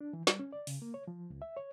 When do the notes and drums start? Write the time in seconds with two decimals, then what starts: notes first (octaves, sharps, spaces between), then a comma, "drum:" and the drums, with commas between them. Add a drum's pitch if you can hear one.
0.01 D4
0.13 E3
0.27 G3, drum: snare
0.39 C#4
0.53 D5
0.67 C#3, drum: open hi-hat
0.82 A#3
0.94 C#5
1.07 F3
1.30 C#2
1.42 E5
1.57 C#5